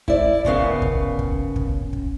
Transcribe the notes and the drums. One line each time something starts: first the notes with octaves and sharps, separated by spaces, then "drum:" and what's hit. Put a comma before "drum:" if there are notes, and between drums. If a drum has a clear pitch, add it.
E4 D5, drum: kick
D#2 C#3 B3 F5, drum: kick
drum: kick
drum: kick
drum: kick
drum: kick